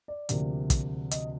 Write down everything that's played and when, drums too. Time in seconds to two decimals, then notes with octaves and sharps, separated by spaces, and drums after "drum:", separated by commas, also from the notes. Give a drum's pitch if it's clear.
0.08 D5
0.29 D2 C3 F3 A#3, drum: hi-hat
0.70 drum: kick, hi-hat
1.11 D#5, drum: hi-hat